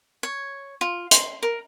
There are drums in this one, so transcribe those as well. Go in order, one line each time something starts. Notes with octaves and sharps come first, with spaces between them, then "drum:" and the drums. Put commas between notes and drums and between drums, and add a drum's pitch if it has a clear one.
C#5
F4
C6, drum: hi-hat
A#4